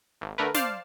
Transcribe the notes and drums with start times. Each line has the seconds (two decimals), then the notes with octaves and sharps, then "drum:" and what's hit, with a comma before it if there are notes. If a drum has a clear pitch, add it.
0.21 G#1
0.38 D3 A3 A#4 B4
0.54 C5 D5 F5 A5 F6 C7, drum: snare